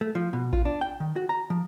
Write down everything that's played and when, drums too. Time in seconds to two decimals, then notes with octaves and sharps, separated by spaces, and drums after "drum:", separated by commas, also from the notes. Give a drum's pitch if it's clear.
0.01 A3
0.15 F3
0.33 B2
0.53 F4, drum: kick A1
0.65 D4
0.81 G5
1.00 D#3
1.16 F#4
1.29 A#5
1.50 F3